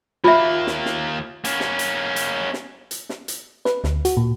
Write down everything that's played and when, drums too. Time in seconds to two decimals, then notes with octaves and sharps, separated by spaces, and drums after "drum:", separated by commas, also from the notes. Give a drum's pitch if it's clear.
0.24 D#2 A#3 F4 E5
0.67 drum: snare
0.86 drum: snare
1.45 A#3 C#4, drum: hi-hat
1.60 drum: snare
1.79 drum: hi-hat
2.16 drum: hi-hat
2.53 drum: snare
2.91 drum: hi-hat
3.09 drum: snare
3.28 drum: hi-hat
3.65 B4, drum: snare
3.84 D2, drum: snare
4.05 F#4, drum: hi-hat
4.17 A#2